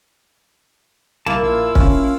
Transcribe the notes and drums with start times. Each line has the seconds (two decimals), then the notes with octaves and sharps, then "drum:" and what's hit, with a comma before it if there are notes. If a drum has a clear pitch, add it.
1.26 C2 A#3 E4 A5
1.43 A#1 F4 F5 E6
1.75 C#4, drum: kick